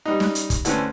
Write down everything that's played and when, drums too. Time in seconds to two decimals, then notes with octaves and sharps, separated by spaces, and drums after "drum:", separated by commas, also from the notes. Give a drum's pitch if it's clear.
0.06 G3 D#4
0.20 drum: snare
0.35 drum: hi-hat
0.50 drum: kick, hi-hat
0.65 D3 E3 A3 C4 C#4, drum: hi-hat